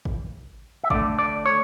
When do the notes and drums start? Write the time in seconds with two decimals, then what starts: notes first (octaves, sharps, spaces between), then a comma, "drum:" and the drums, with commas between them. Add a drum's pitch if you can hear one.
0.05 drum: kick G#1
0.84 E5
0.90 D3 A3 D5, drum: kick G#1
1.19 D5
1.46 C#5